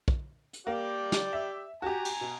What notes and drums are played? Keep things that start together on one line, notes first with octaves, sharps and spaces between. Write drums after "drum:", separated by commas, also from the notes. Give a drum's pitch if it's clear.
drum: kick
drum: hi-hat
A#3 G4 D5 G5
drum: snare
E5
F#4 G4 G#5 A#5
drum: cymbal
B2